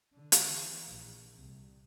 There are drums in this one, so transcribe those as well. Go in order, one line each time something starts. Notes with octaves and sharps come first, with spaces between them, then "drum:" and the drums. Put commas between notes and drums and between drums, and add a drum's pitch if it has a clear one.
D3
drum: hi-hat
E3
A#1
C2